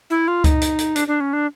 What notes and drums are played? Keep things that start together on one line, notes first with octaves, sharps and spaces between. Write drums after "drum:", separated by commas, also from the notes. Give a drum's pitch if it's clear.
E4
F4
D#4, drum: kick C#2, hi-hat
drum: hi-hat
drum: hi-hat
D4, drum: hi-hat
D4
C#4
D4